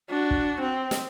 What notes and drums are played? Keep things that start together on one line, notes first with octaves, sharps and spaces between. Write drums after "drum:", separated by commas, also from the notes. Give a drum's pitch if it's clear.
D4 F#4
drum: kick
C4
drum: snare